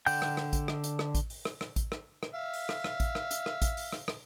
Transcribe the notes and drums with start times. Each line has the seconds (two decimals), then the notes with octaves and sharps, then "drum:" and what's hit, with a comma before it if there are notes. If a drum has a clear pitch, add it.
0.06 D3 F#5 G5 G6, drum: open hi-hat
0.22 drum: rim click
0.37 drum: rim click
0.53 drum: kick A1, hi-hat
0.68 drum: rim click
0.84 drum: hi-hat
0.99 drum: rim click
1.15 drum: kick A1, hi-hat
1.30 drum: open hi-hat
1.45 drum: rim click
1.61 drum: rim click
1.76 drum: kick A1, hi-hat
1.92 drum: rim click
2.23 drum: rim click
2.34 E5 F5
2.54 drum: open hi-hat
2.69 drum: rim click
2.84 drum: rim click
3.00 drum: kick A1, hi-hat
3.15 drum: rim click
3.31 drum: hi-hat
3.46 drum: rim click
3.62 drum: kick A1, hi-hat
3.77 drum: open hi-hat
3.92 drum: rim click
4.08 drum: rim click